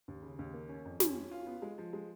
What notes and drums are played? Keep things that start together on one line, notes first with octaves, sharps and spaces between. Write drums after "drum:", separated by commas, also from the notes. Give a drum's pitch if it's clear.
D#2
C#3
D#2
A#3
C#4
F2
C#4, drum: snare
C#4
F4
B3
G#3
F3
G#3